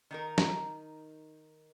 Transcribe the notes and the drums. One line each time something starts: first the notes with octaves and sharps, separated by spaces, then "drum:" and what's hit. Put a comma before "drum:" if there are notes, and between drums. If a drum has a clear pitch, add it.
D#3 D#4 A#4
drum: snare